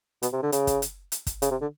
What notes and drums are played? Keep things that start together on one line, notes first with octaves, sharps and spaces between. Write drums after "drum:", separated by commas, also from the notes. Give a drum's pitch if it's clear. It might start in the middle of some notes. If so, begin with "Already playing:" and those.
B2, drum: hi-hat
C3
D3
C#3, drum: hi-hat
drum: kick, hi-hat
drum: hi-hat
drum: hi-hat
drum: kick, hi-hat
C#3, drum: hi-hat
C3
D3